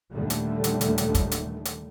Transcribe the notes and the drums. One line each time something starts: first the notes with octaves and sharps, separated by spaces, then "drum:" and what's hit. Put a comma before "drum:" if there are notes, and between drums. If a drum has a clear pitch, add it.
D#2 A#2 D3 D#3 G3 A3
drum: hi-hat
drum: hi-hat
drum: hi-hat
drum: hi-hat
drum: kick, hi-hat
drum: hi-hat
drum: hi-hat